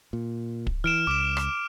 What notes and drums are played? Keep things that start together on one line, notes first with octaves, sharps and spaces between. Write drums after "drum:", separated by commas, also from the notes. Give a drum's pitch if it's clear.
A#2
drum: kick
E3 F6 D7 E7
C#2 D6 E7
drum: rim click